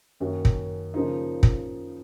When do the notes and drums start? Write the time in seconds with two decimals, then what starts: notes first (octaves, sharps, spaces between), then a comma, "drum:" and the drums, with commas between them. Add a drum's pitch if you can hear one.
0.20 F#2 D#3 A#3 C#4 F#4
0.45 drum: kick
0.94 C#3 F3 A#3 D#4
1.43 drum: kick